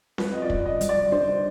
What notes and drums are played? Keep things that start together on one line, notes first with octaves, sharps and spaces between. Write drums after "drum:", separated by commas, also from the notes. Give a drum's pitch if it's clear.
F4 B4, drum: snare C4
D#5
D5
G3, drum: kick
D#5
G3, drum: hi-hat
D5
D4 C5